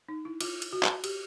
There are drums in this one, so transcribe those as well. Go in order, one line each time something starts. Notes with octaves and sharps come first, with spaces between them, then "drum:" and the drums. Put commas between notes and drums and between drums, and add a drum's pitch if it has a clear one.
D#4
E4
F4, drum: cymbal
drum: cymbal
F#4
drum: clap
G4, drum: cymbal